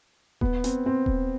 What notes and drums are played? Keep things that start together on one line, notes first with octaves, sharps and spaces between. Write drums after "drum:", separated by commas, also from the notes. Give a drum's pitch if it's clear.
B3, drum: kick D#1
C4, drum: hi-hat
C4
drum: kick D#1